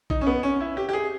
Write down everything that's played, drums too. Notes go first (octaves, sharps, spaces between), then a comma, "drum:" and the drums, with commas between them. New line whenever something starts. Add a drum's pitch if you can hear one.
D#4, drum: kick A#1
C#4
B3
C#4
E4
G4
G4
G#4